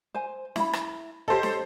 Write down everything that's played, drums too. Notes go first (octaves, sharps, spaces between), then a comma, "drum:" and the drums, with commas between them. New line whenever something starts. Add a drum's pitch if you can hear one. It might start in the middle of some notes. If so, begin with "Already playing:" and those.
C5 G#5
E4 B5, drum: snare
drum: rim click
G4 A4 C5 C#5 D#5
drum: snare